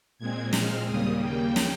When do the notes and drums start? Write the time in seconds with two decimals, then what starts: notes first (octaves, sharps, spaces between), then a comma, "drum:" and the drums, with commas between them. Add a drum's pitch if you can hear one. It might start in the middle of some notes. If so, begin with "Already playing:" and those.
0.18 A#2 G#3 C4 G#6
0.53 F6, drum: snare
0.87 D#2 C#3 G3 A#3 D#6
1.22 G5
1.56 drum: snare